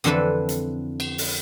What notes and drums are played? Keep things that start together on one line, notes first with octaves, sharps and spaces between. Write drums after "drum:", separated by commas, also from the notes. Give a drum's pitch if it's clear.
F2 D3 E3 C4 A4 B4
drum: hi-hat
drum: cymbal
drum: open hi-hat